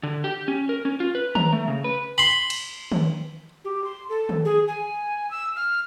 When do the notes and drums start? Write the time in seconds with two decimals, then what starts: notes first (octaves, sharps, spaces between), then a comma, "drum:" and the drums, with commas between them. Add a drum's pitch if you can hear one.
0.03 D3
0.24 G4
0.48 C#4
0.69 A#4
0.85 C#4
1.00 F4
1.15 B4
1.35 A#5, drum: tom D#3
1.53 A3
1.68 C#3
1.84 B4
2.18 B5 C6
2.50 drum: cymbal
2.92 drum: tom D#3
3.65 G4
3.84 C6
4.09 A4
4.29 drum: tom D#3
4.45 G#4
4.68 G#5
5.31 E6
5.56 F6